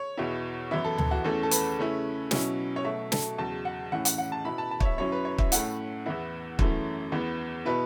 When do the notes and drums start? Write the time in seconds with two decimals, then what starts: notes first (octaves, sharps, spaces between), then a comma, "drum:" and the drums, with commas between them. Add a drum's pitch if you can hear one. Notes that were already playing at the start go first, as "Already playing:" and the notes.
Already playing: C#5
0.17 E2 B2 B3 E4
0.71 F#2 E3 B3 E4 E5
0.85 A4
0.98 A4, drum: tom D2
1.11 F#4
1.24 E2 E3 A3 C#4 A4
1.43 A4
1.51 B4, drum: hi-hat
1.78 C#3 A3 C#4 E4
2.31 B2 F#3 C#4 E4, drum: snare
2.76 C#5
2.84 B2 F#3 A3 E5
3.12 A4, drum: snare
3.38 E2 C#3 F#3 A5
3.65 F#5
3.92 A2 E3 C#4 E4 F#5
4.05 F#5, drum: hi-hat
4.18 F#5
4.32 A5
4.45 B2 B3 E4 B5
4.58 A5
4.71 A5
4.80 C#5, drum: kick
4.85 E5
4.98 F#2 F#3 C#4 E4 C#5
5.12 B4
5.25 C#5
5.38 E5, drum: kick
5.52 A2 A3 C#4 E4 F#5, drum: hi-hat
6.06 E2 E3 B3 E4
6.59 F#2 E3 A3 C#4 E4, drum: kick
7.12 E2 E3 B3
7.65 B2 B3 E4 B4